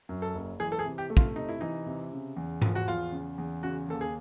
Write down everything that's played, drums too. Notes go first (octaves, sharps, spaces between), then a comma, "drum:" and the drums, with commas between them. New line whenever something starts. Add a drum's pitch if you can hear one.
F#2
A4
F#1
E3 G#4
A4
G#4
C3
G4
A3
F4, drum: kick
C3 D#4
E4
E3 D#4
C3
C#3
E2
F3, drum: tom G#2
F#4
E2 F4
C#3
E2
C#3 F#4
D#2 A4
G#4